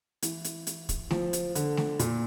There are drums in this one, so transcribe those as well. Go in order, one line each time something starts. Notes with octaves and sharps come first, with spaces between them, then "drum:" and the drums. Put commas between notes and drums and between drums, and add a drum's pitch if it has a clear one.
E3, drum: hi-hat
drum: hi-hat
drum: hi-hat
drum: kick, hi-hat
F3, drum: snare
drum: hi-hat
D3, drum: hi-hat
drum: snare
A#2, drum: hi-hat